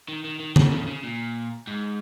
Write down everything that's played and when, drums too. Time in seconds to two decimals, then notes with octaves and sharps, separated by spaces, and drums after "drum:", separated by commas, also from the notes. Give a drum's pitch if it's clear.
0.08 D#3
0.24 D#3
0.40 D#3
0.56 C#3, drum: tom D3
0.72 C#3
0.87 C#3
1.03 A#2
1.67 G#2